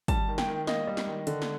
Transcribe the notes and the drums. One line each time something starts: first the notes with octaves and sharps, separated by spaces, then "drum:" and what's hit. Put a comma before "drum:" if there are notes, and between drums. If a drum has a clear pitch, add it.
G3 A5, drum: kick, hi-hat
D#3
G5, drum: snare
D#3
A#3 D#5, drum: snare
G3
drum: snare
D#3
D3, drum: hi-hat
drum: snare